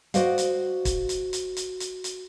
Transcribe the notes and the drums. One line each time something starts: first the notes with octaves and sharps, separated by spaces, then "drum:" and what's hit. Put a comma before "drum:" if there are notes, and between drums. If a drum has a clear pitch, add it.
F#4 C5 D5 D#5 F5, drum: hi-hat
drum: hi-hat
drum: kick, hi-hat
drum: hi-hat
drum: hi-hat
drum: hi-hat
drum: hi-hat
drum: hi-hat